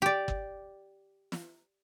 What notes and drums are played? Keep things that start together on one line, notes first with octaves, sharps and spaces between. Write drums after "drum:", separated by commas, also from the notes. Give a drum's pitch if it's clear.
G4 D5
drum: kick
drum: snare